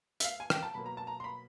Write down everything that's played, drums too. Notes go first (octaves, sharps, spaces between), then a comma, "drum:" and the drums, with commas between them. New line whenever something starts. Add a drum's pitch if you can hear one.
E5, drum: hi-hat
F5
G#5
G5, drum: rim click
A5
B2 F#3 A#3 B5
A#5
A5
A#5
C6
B5